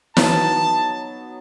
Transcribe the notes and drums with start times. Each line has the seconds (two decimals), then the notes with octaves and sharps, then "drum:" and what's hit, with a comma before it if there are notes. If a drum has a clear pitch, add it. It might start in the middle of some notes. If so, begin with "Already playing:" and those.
0.17 F#3 B3 D#4 A5, drum: snare